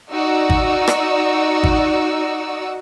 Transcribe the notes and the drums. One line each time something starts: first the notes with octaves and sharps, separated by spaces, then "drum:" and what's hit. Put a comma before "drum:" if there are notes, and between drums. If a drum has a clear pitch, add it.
D#4 F#4 D5 E6
drum: kick
drum: rim click
drum: kick